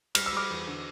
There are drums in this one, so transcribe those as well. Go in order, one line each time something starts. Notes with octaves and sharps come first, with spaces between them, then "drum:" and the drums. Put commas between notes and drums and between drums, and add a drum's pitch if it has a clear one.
G3 F6, drum: cymbal
E6
G3 D6 F6
E2
D3